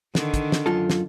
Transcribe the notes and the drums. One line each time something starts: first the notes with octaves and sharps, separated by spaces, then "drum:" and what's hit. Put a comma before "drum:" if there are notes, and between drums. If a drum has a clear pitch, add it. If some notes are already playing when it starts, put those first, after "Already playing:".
D3 D#3, drum: snare
drum: kick, hi-hat
drum: snare
F#2 F4 A4
drum: snare